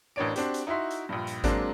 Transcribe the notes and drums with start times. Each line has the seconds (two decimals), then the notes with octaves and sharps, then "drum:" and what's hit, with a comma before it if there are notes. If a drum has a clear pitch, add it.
0.16 A1 D4 A#4 C#5 D5 D7
0.36 C4 D4 F#4 G4, drum: hi-hat
0.54 drum: hi-hat
0.67 D#4 E4 F#4 E5 C6
0.91 drum: hi-hat
1.09 A#1 G2
1.27 drum: hi-hat
1.44 F#3 G#3 A#3 C4 D4, drum: kick G#1, hi-hat